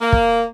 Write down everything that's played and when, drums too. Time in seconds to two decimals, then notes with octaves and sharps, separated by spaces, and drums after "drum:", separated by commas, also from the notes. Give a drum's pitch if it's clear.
0.01 A#3
0.13 drum: kick